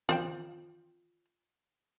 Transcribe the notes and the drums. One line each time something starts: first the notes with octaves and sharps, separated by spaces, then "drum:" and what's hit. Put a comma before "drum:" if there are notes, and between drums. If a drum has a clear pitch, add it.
F4 C5 G5, drum: tom D#3